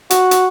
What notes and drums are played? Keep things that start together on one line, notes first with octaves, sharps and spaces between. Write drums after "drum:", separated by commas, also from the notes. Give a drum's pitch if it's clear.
F#4, drum: hi-hat
drum: hi-hat